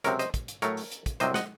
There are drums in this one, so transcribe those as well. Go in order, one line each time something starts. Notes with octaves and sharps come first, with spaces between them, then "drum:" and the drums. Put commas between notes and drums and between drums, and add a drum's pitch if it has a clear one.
C#2 C3 F#3 C4 A#4 C#5, drum: hi-hat
C5 D#5, drum: hi-hat
drum: kick, hi-hat
drum: hi-hat
A2 F#3 A3 A#4 C#5, drum: hi-hat
drum: open hi-hat
drum: hi-hat
drum: kick, hi-hat
C2 C3 F#3 C4 C5 D#5, drum: hi-hat
D#5 F#5, drum: snare